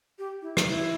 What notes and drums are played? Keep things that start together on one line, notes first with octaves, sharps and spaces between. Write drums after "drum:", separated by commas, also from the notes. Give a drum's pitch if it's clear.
G4
E4
drum: rim click
E4